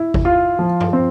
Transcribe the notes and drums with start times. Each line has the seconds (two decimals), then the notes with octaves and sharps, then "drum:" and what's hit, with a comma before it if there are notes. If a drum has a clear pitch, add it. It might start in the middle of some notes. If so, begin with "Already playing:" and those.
Already playing: E4
0.14 drum: kick
0.25 F4
0.59 F3
0.80 drum: tom F#2
0.93 C4